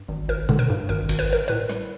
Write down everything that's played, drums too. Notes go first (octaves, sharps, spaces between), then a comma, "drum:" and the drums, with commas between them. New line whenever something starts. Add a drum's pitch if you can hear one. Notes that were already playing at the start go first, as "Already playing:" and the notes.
Already playing: G2
G#1
G#1 A#4
D3, drum: tom B2
A#4
G2
G#1 A#4
G#1, drum: cymbal
B4
D3 A#4
A2 B4
G3, drum: hi-hat